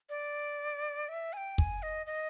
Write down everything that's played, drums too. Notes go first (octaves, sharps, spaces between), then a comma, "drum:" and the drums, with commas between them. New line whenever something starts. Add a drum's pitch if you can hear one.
D5
E5
G#5
G5
G#5, drum: kick
D#5
D#5